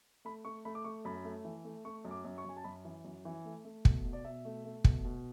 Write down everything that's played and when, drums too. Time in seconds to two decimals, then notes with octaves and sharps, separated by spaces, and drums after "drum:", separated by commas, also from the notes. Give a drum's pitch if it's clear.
0.25 A3 B5
0.45 A3 C#6
0.65 A3 B5
0.75 D6
0.84 A3 C#6
1.05 F#2 B5
1.24 A3
1.45 E3
1.65 A3
1.85 A3 C#6
2.05 F#2
2.11 D6
2.25 F#2
2.38 C#6
2.45 F#2 G#5
2.57 A5
2.64 F#2 B5
2.85 E3
3.05 F#2
3.25 E3
3.45 A3
3.65 A3
3.85 B2, drum: kick
4.05 B2
4.13 D5
4.25 B2 E5
4.45 A3
4.65 A3
4.84 B2, drum: kick
5.04 B2